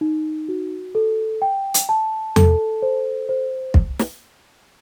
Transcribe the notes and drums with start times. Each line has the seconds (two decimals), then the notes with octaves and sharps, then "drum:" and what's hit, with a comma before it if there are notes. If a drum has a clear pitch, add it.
0.01 D#4
0.49 F#4
0.95 A4
1.42 G5
1.74 drum: hi-hat
1.89 A5
2.36 A4, drum: tom E2
2.82 C5
3.29 C5
3.74 drum: kick
3.99 drum: snare